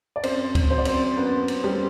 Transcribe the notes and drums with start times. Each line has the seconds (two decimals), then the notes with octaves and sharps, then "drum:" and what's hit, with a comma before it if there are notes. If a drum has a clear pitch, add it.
0.16 D5
0.23 F#2 C4 C5, drum: cymbal
0.55 drum: kick C#2, cymbal
0.70 F#3 C5
0.78 D5
0.85 C4 C5, drum: cymbal
1.17 F#2 B3 B4
1.48 drum: cymbal
1.64 F#2 G3 G4